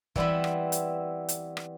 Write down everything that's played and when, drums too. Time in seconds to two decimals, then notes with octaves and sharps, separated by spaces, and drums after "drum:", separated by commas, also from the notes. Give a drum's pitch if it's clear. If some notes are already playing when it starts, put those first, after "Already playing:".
0.16 E3 G3 B3 C4 E4, drum: kick
0.44 drum: rim click
0.72 drum: hi-hat
1.28 drum: hi-hat
1.57 drum: rim click